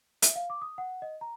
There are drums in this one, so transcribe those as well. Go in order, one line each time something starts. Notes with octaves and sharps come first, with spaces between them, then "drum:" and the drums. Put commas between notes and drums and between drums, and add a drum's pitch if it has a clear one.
E5, drum: hi-hat
F5
D6
D#6
F#5
D#5
A#5